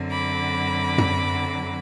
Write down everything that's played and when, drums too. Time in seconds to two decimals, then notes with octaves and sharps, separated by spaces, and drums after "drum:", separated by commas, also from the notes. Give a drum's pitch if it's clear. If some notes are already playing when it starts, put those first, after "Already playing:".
Already playing: F#2 D3 F#3 C4
0.10 B5 D6
0.98 drum: tom